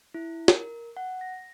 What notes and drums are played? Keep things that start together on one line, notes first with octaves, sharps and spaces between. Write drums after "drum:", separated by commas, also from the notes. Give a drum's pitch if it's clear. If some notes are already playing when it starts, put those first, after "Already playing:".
E4
A#4, drum: snare
F#5
A#6